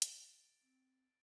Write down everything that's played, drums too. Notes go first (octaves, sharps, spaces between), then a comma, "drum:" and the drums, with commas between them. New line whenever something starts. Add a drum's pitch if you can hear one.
A6 D7, drum: hi-hat
C4